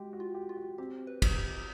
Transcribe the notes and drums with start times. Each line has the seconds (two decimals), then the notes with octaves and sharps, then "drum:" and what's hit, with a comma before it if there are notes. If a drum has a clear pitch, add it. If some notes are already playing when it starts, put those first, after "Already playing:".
Already playing: G#3 F#4 G4
0.13 F#4
0.20 F4
0.35 G4
0.49 F4
0.56 F#4
0.78 C4 G4
1.07 B4
1.22 drum: kick, cymbal
1.37 G4